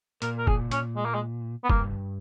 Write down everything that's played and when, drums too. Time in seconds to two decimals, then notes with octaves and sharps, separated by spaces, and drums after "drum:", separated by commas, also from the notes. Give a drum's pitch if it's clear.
0.22 A#2 A#4, drum: hi-hat
0.38 A#4
0.47 G#4, drum: kick F1
0.71 C#4, drum: hi-hat
0.96 G#3
1.05 A#3
1.14 G#3
1.64 B3
1.70 G2 A#3, drum: kick F1